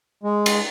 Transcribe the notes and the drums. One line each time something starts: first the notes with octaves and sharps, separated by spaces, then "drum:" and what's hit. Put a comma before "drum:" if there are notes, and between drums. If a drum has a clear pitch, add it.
G#3
drum: cymbal